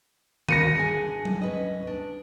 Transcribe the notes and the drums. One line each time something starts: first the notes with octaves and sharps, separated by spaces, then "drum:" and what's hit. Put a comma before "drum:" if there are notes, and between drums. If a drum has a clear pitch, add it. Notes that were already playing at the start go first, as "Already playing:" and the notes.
F#4 A#4 F5 A#6 C#7 D#7, drum: tom D#3
D4 G#4 G#5
drum: tom F#3
C#4 B4 D#5
D4